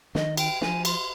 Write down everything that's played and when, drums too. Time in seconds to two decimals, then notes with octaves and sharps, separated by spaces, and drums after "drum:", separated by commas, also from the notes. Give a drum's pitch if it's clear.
0.15 D#3 D#5, drum: snare
0.37 G5, drum: cymbal
0.61 F3 G#5, drum: snare
0.85 C6, drum: cymbal